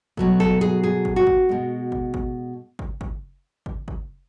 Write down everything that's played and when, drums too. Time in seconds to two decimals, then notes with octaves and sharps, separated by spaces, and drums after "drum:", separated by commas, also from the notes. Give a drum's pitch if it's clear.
0.17 B2 F#3 A3, drum: kick
0.40 A4, drum: kick
0.61 G#4
0.83 G#4
1.05 drum: kick
1.16 F#4
1.27 drum: kick
1.49 B2 G#3
1.92 drum: kick
2.14 drum: kick
2.79 drum: kick
3.01 drum: kick
3.66 drum: kick
3.88 drum: kick